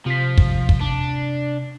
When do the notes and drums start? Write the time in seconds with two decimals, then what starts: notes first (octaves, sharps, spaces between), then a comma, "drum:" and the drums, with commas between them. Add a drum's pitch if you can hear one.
0.06 C3 F3 B6
0.38 drum: kick
0.69 drum: kick
0.81 D4